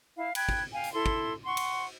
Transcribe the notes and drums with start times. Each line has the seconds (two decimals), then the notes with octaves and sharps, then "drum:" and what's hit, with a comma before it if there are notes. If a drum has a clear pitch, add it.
0.18 E4 F5
0.35 G5 B5 F#6 G#6, drum: cymbal
0.49 drum: kick
0.73 F5 G5 G#5
0.84 drum: hi-hat
0.94 E4 A4 C6
1.06 drum: kick
1.45 F#5 C6 C#6
1.57 drum: cymbal